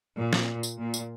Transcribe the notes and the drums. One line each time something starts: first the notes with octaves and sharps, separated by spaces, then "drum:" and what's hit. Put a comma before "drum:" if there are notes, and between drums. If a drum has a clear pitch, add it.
A#2
drum: snare
drum: tambourine
A#2
drum: tambourine